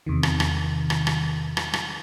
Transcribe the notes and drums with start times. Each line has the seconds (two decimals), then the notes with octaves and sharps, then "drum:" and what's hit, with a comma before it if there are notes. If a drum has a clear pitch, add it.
0.06 E2 C3 D#3
0.23 drum: rim click
0.40 drum: rim click
0.90 drum: rim click
1.07 drum: rim click
1.57 drum: rim click
1.74 drum: rim click